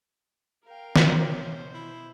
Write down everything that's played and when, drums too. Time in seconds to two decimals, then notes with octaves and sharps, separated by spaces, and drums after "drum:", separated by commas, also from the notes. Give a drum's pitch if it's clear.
0.64 A#4 F5 G5
0.96 C#4, drum: snare
1.33 B2 C5 G6
1.74 E4